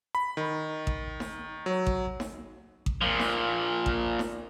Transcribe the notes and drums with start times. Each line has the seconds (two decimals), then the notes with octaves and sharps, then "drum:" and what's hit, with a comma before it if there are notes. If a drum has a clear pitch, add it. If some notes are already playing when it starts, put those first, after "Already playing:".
0.15 B5
0.37 D#3
0.87 drum: kick A1
1.20 drum: snare D#4
1.66 F#3
1.87 drum: kick A1
2.20 drum: snare D#4
2.86 drum: kick A1
3.01 A#2 F3
3.19 drum: snare D#4
3.86 drum: kick A1
4.19 drum: snare D#4